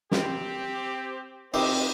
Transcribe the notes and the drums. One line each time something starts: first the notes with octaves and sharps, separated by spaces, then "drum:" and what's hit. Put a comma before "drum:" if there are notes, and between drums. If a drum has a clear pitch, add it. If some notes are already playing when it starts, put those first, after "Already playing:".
C4 G4, drum: snare
C4 D#4 G4 E5, drum: cymbal